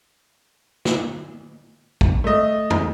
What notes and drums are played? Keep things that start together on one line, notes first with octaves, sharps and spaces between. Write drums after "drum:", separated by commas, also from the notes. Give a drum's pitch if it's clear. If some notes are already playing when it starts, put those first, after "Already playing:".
drum: snare
drum: kick
A3 D#5
drum: tom E2